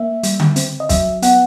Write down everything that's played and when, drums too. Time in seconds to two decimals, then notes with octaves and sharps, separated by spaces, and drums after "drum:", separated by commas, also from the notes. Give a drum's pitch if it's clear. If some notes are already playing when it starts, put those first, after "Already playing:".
Already playing: A#3 E5
0.23 G3, drum: hi-hat
0.40 drum: tom D3
0.56 C4, drum: hi-hat
0.80 D#5
0.89 F#3 E5, drum: kick, hi-hat
1.22 B3 F#5, drum: hi-hat